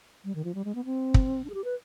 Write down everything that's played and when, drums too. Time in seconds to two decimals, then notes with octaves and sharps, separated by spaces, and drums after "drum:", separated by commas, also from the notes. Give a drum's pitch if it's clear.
0.25 G3
0.35 D#3
0.44 F3
0.55 G3
0.65 G#3
0.75 B3
0.85 C4
1.14 drum: kick
1.45 D4
1.50 G#4
1.54 G4
1.64 B4